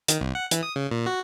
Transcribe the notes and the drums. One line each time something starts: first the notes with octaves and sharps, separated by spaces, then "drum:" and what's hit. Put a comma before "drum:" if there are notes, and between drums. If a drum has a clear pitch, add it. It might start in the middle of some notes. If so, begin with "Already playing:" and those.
D#3, drum: hi-hat
C2
F#5
E3, drum: hi-hat
D#6
C#3
A#2
F#4